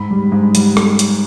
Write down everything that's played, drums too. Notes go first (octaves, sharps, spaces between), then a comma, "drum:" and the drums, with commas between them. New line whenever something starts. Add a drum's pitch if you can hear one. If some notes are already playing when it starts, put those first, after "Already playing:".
Already playing: G#2 B5
G3
G#2
G3, drum: hi-hat
drum: rim click
drum: hi-hat